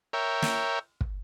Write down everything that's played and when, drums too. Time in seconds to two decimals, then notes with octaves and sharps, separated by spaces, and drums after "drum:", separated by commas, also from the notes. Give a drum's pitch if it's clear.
0.13 A#4 C#5 E5 G5
0.42 drum: snare
1.01 drum: kick